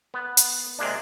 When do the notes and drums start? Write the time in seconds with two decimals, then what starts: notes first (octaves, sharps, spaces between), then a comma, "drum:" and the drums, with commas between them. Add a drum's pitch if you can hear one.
0.14 B3
0.37 drum: hi-hat
0.79 C3 G#3 A#3 D4